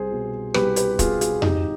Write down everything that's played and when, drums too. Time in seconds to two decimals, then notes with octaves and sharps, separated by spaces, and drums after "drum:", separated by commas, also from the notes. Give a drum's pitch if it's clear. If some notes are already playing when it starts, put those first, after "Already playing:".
Already playing: C2 G#4 C5
0.11 B2
0.54 C2 G4 B4, drum: rim click
0.76 G4 B4, drum: hi-hat
0.99 B2 F4 G#4, drum: kick, hi-hat
1.21 F4 G#4, drum: hi-hat
1.42 G#1 D#4 G4, drum: tom F2